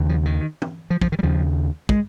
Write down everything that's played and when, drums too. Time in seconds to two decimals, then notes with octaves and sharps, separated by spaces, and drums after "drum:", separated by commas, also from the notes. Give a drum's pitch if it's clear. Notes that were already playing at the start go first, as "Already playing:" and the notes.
Already playing: D#2 C#3
0.09 F3
0.25 D#3
0.62 drum: tom
0.90 F3
1.01 F3, drum: kick
1.12 D#3
1.19 G3
1.23 D#2 C#3 F3
1.89 G#3, drum: kick